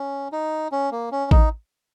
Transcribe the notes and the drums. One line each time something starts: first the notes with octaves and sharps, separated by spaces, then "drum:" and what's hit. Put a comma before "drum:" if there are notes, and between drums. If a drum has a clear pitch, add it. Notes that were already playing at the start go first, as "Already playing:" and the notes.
Already playing: C#4
D#4
C#4
A#3
C#4
D#4, drum: kick A1